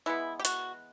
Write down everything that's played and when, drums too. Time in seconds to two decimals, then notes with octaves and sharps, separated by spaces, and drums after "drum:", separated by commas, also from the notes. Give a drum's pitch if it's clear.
0.06 E3 G#3 B3 E4
0.39 G4
0.45 F#4, drum: hi-hat